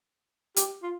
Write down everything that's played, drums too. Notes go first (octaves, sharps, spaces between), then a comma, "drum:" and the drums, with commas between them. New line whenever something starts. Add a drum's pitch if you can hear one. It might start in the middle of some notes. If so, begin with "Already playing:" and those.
G4, drum: hi-hat
F4